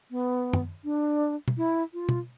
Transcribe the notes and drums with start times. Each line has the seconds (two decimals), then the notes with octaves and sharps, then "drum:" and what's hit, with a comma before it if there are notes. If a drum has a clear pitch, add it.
0.11 B3
0.53 drum: tom
0.84 D4
1.48 drum: tom B2
1.57 E4
1.94 F4
2.09 drum: tom B2